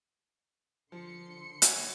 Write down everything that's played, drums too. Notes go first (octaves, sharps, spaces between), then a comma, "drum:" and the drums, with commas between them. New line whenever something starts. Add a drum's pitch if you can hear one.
D3 F3 C6 C#7
C#5 F#5 G#5, drum: hi-hat